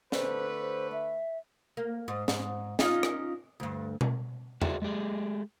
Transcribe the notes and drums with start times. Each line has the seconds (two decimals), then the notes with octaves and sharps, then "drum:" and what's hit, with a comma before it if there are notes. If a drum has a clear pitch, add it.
0.12 D3 A3 B4 C5, drum: snare
0.60 C5
0.92 E5
1.77 A#3
2.08 G#2
2.28 G#2, drum: snare
2.79 C#4 D#4 F4, drum: snare
3.03 drum: rim click
3.60 D2 G2
4.01 drum: tom B2
4.62 F#4 G#4 A4 C5 D5 E5, drum: tom E2
4.82 G#3 A3 G4 G#4